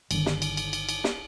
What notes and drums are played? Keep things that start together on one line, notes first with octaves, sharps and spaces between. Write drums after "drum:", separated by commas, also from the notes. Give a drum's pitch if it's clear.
G1 D3 D#3, drum: cymbal
drum: snare
drum: cymbal
drum: cymbal
drum: cymbal
drum: cymbal
drum: snare